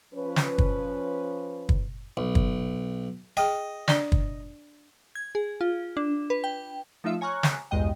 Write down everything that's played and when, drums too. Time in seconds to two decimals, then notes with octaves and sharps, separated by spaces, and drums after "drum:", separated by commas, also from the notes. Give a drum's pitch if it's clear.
0.14 F3 C#4 B4
0.36 drum: snare
0.58 drum: kick
1.69 drum: kick
2.17 B1
2.35 drum: kick
3.37 G#4 D#5 G5
3.88 D4 D5, drum: snare
4.12 drum: kick
5.15 G#6
5.35 G#4
5.61 F4
5.97 D4
6.30 B4
6.44 G5
7.04 F3 A3 D#4 F4 E5
7.21 C#5 G#5 A#5 C#6 F6 F#6
7.43 drum: snare
7.71 B1 E2 G2 G#3 D#5 G5